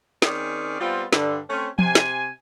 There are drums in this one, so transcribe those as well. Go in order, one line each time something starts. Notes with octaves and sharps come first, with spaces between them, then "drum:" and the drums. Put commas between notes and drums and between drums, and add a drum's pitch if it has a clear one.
D#3 C4 C#4 G#4 D5, drum: snare
G3 B3 C4 F4
G2 D3, drum: snare
A3 C4 C#4
C3 G#5, drum: tom F3
drum: snare